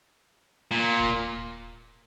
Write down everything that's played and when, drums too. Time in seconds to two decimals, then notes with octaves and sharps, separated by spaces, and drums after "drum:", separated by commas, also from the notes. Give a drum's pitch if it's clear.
0.71 A#2
1.00 drum: kick D#1